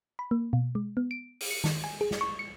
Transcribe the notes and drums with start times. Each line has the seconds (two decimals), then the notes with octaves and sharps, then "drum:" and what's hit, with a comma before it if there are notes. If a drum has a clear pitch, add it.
0.19 B5
0.31 A#3
0.53 B2
0.75 G#3
0.97 B3
1.11 D7
1.40 drum: open hi-hat
1.51 C#7
1.64 D#3, drum: snare
1.84 G#5
2.01 G#4
2.11 drum: snare
2.21 C#6
2.39 C#7